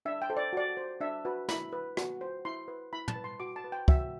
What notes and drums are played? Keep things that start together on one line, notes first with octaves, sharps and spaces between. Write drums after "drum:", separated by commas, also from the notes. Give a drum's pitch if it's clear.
D4 E5
G5
A4 C5
D5
F#4 D5
C5
D4 E5
F#4 B4
E4 B5, drum: snare
B4
F#4, drum: rim click
C5
E4 C6
B4
E4 B5
A5, drum: tom
B4
C6
F#4 D6
A5
B4
G5
F#4 E5, drum: kick